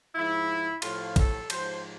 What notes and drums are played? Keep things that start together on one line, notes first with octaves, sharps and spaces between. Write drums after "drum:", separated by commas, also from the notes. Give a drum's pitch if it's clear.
G#2 F3 E4
A2 F3 F4, drum: cymbal
A4, drum: kick A#1, cymbal
G#2 F3 C5, drum: cymbal